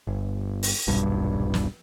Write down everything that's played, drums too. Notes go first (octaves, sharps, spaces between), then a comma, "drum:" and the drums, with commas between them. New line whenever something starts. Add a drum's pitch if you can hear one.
G1
drum: open hi-hat
D#1 B1 G2
drum: snare